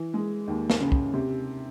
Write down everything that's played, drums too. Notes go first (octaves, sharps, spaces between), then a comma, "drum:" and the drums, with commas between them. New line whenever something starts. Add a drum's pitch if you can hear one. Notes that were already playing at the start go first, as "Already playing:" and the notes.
Already playing: E3
G#3
D#2
drum: snare
C#3
drum: kick
C3